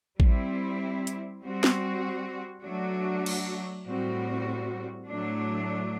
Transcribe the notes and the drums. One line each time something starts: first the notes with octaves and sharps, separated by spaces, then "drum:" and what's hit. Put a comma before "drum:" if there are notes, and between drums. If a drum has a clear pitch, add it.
G3 C4 E4, drum: kick A1
drum: hi-hat
G3 C4 F#4
drum: snare
F#3 A3 D4 F#4
drum: cymbal
A2 G3 C4 F#4
A2 F#3 A3 D4